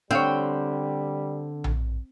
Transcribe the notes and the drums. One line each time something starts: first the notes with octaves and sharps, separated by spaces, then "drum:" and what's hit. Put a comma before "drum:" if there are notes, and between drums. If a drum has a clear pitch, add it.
D3 G3 C4 C#5 F5 G5
drum: tom A#1